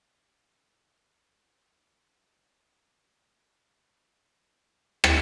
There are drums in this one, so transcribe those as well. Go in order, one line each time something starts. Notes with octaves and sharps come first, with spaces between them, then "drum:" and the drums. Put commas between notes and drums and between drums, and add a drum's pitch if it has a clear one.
D2
G4
D3
D#3 F#3 C#5 D#5
D#2 A2 C3 B3 C4
D2 A#2 C#4 G5 D6 G#6
drum: rim click